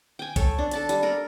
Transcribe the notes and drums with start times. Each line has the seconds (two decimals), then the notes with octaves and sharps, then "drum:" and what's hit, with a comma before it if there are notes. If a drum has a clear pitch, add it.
0.19 G5 G#5
0.36 A4 C#5, drum: kick B1, hi-hat
0.58 D4
0.71 A4 A5 B5, drum: hi-hat
0.89 G3, drum: hi-hat
1.02 A4 A#4 B5